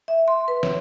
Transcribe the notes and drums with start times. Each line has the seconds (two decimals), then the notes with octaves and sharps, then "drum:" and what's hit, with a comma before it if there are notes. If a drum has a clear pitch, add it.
0.08 E5
0.28 C6
0.48 B4
0.63 C#5, drum: snare